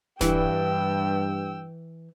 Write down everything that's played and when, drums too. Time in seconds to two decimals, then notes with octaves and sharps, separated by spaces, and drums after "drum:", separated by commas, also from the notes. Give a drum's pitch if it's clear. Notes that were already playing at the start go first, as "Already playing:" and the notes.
0.21 G2 E3 G5 E6, drum: snare D#1